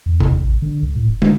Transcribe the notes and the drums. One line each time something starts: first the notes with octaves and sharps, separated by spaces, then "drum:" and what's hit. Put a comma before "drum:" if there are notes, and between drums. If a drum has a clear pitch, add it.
E2
G1, drum: tom C3
D#2
A1
D3
C#2
A2
D#1
D3, drum: tom